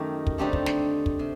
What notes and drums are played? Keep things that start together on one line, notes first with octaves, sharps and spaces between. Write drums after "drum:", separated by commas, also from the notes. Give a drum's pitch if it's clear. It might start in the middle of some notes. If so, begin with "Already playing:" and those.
Already playing: F#2 D#3 A3 D#4 G4
drum: kick
D3 A3 C4 D#4 G4
drum: kick
drum: snare
drum: kick
C3